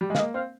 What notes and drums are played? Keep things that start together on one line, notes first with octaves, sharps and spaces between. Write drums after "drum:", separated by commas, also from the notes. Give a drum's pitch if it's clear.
G3
G#3
F5, drum: snare
A#3 D#5
C4 F5